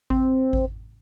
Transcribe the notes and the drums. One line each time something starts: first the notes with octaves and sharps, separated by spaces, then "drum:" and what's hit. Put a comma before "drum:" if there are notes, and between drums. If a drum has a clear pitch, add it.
C4, drum: kick G#1
drum: kick G#1